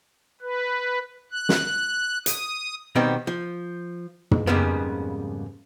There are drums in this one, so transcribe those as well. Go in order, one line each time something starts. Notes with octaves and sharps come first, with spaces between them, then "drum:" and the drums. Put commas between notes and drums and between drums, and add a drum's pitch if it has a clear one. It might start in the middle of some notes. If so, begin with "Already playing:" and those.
B4
F#6
drum: snare
D#6, drum: hi-hat
B2 D#3 G3 B3 C4
F3
drum: tom
F2 G#2 C#3 G3 A#3 B3